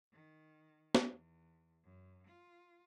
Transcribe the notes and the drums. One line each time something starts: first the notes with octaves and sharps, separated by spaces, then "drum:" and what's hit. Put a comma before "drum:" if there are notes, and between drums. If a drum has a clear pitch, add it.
D#3
drum: snare
E2
F#2
F4